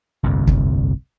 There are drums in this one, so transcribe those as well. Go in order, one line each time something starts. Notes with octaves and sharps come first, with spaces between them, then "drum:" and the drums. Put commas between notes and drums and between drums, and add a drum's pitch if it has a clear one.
G1 C2 F2
drum: kick